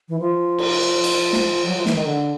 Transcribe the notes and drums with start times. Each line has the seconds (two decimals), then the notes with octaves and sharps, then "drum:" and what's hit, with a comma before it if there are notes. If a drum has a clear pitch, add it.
0.09 E3
0.19 F3
0.58 drum: cymbal
1.04 drum: cymbal
1.33 drum: snare
1.66 F#3
1.76 F3
1.86 E3, drum: snare
1.95 D#3
2.05 D3